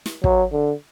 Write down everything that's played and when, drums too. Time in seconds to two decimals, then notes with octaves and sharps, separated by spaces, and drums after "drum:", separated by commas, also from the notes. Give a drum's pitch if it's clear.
0.06 drum: snare
0.24 F#3, drum: kick
0.52 D3